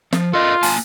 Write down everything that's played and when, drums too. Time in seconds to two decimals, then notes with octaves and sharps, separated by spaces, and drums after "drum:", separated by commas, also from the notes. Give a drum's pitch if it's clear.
0.13 F3, drum: snare
0.33 F4 A4 A#4 D#5
0.63 A#3 G#5 A5, drum: open hi-hat